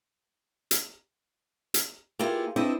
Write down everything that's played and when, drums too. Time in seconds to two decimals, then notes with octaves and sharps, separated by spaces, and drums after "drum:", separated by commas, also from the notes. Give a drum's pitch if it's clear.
0.71 drum: hi-hat
1.74 drum: hi-hat
2.19 A#3 B3 E4 F4 G4 G#4
2.56 C4 D4 E4 B4 C5 D#5